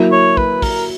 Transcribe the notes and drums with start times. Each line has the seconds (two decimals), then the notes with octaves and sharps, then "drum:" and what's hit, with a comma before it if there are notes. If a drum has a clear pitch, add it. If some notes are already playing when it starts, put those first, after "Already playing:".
Already playing: F#3 A#3 E4
0.12 C#5
0.37 B4, drum: kick
0.62 A#4, drum: kick, open hi-hat